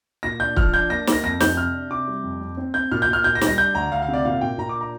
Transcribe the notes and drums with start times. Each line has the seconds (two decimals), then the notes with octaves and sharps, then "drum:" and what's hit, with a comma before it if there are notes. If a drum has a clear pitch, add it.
0.23 A#2 A#6
0.40 D4 G6
0.56 F3 F6, drum: kick
0.74 D4 G6
0.90 A#3 A#6
1.07 A#3, drum: snare
1.12 A#6
1.23 F2 A#6
1.40 F2 G6, drum: snare
1.57 C3 F6
1.74 D4
1.91 C3 D6
2.08 G3
2.24 F2
2.41 F2
2.57 C4
2.74 C4 G6
2.92 A#2 F6
3.02 G6
3.07 A#2
3.13 F6
3.24 A#2 G6
3.35 A#6
3.41 G3, drum: snare
3.47 A#6
3.57 D4 G6
3.75 D2 A#5
3.92 D2 F5
4.02 F5
4.08 C3
4.14 D5
4.25 A#2 F5
4.41 A#2 G5
4.58 A#2 A#5
4.69 D6
4.75 D4
4.81 A#5